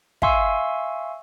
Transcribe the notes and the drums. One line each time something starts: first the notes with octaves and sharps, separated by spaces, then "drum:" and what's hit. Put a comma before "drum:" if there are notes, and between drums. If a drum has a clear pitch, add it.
E5 F5 G#5 C6 C#6 E6, drum: kick